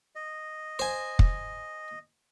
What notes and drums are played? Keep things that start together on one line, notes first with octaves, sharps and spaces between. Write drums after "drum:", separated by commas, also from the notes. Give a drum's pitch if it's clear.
D#5
C5 G#5
drum: kick